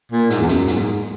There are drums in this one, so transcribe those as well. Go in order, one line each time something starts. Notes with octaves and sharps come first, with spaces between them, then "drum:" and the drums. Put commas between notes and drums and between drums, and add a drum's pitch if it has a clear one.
A#2
G#2, drum: hi-hat
E2
F#2, drum: hi-hat
G#2, drum: hi-hat
A#2
G#2